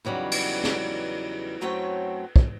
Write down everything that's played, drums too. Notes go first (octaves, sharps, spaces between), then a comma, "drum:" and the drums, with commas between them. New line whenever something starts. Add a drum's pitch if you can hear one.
E2 C#3 F#3 G3 D#4
drum: cymbal
drum: snare
F#2 F#3 A3 C4 C#5 G5
drum: kick